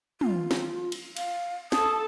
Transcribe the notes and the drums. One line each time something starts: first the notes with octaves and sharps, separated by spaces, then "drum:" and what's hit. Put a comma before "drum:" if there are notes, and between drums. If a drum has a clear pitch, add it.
F4, drum: tom
drum: snare
drum: cymbal
F5, drum: cymbal
A4 A5 D#6, drum: snare